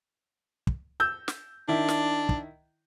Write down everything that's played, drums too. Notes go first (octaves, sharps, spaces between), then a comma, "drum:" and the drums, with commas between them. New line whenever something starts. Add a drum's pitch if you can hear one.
drum: kick
E6 G6
drum: snare
D#3 D4 E4
drum: snare
drum: kick